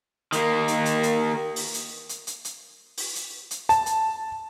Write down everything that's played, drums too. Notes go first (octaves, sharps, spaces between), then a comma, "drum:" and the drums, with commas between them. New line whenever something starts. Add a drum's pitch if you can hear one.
D#3 A#3, drum: hi-hat
drum: hi-hat
drum: hi-hat
drum: hi-hat
drum: open hi-hat
drum: hi-hat
drum: hi-hat
drum: hi-hat
drum: hi-hat
drum: open hi-hat
drum: hi-hat
drum: hi-hat
A5, drum: hi-hat
drum: hi-hat